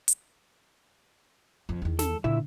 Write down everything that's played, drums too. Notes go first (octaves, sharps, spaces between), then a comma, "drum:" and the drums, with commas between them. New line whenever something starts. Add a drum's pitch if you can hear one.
drum: hi-hat
F2
E2 D#3
A4, drum: snare
A#2 D3 E4 E5